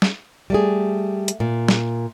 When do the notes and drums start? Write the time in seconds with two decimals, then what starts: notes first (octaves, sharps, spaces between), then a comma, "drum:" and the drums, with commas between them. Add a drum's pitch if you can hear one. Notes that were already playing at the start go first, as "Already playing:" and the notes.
0.02 drum: snare
0.50 G3 A3 G#4
1.28 drum: hi-hat
1.40 A#2
1.68 drum: snare